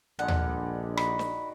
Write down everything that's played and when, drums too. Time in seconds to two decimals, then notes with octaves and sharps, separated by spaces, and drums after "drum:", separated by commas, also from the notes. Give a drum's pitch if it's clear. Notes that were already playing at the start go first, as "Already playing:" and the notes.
0.19 A#1 D3 G3 G#3 F#5
0.28 drum: tom D#2
0.97 D#3 F#4 B5, drum: rim click
1.19 drum: snare